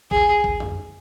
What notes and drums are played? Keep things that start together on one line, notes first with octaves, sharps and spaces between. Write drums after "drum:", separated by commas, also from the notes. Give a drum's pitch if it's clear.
G#4, drum: kick A#1
drum: kick A#1
drum: tom F2